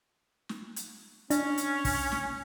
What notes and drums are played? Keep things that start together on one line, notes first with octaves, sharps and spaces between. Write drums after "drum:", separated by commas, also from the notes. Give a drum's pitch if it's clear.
drum: snare
drum: hi-hat
C#4 D4, drum: hi-hat
drum: hi-hat
drum: kick, open hi-hat
drum: snare